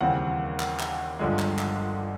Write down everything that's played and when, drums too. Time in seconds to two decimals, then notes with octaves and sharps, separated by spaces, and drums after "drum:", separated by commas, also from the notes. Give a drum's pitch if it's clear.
0.01 D#2 C#3 E3 G3 C4 F#5
0.60 drum: clap
0.80 drum: clap
1.19 G1 G2 D3 F3 G#3
1.39 drum: clap
1.59 drum: clap